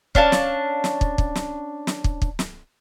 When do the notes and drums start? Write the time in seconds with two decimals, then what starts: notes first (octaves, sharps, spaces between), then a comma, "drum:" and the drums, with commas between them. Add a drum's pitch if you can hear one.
0.15 C#4 D4 F5 A5, drum: kick
0.32 drum: snare
0.84 drum: snare
1.01 drum: kick
1.18 drum: kick
1.35 drum: snare
1.87 drum: snare
2.04 drum: kick
2.22 drum: kick
2.39 drum: snare